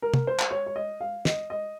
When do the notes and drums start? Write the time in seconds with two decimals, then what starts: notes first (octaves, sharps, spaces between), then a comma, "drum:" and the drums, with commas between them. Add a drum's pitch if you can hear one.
0.02 A#4
0.14 drum: tom
0.27 C5
0.40 drum: clap
0.51 C#5
0.66 C#5
0.76 D#5
1.01 F5
1.25 D#5, drum: snare
1.50 D#5